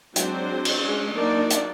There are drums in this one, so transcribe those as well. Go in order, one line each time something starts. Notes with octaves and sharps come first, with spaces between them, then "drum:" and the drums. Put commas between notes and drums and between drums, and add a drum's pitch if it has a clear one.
F#3 G#3 C4 D4 C5, drum: hi-hat
drum: cymbal
G#3 C#4 D4
F#3 A#3 D4 D#4 A#4 D5
drum: hi-hat